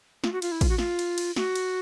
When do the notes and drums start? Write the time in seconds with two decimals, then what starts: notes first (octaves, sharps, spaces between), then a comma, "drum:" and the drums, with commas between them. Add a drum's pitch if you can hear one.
0.24 F4, drum: snare
0.32 F#4
0.42 F4, drum: cymbal
0.52 E4
0.61 F4, drum: kick A1, cymbal
0.69 F#4
0.78 F4, drum: snare
0.99 drum: cymbal
1.18 drum: cymbal
1.36 F#4, drum: snare
1.55 drum: cymbal